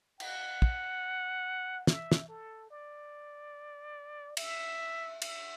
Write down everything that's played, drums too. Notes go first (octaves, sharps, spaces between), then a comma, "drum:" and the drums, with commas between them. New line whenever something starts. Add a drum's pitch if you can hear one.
F#5, drum: cymbal
drum: kick
E5, drum: snare
drum: snare
A4
D5
E5, drum: cymbal
E5, drum: cymbal